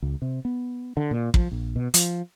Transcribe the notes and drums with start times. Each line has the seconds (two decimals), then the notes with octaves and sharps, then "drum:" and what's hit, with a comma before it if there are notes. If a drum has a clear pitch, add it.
0.02 C#2
0.22 C3
0.45 B3
0.97 D3
1.11 A#2
1.34 F3, drum: kick
1.51 A#1
1.76 B2
1.94 F3, drum: hi-hat